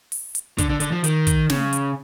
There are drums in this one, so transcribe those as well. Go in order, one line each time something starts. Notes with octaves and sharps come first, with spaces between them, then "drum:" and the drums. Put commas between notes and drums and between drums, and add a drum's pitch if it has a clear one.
drum: open hi-hat
drum: hi-hat
D3, drum: kick, hi-hat
D3
D3, drum: hi-hat
F3
D#3, drum: hi-hat
drum: kick, hi-hat
C#3, drum: snare
drum: hi-hat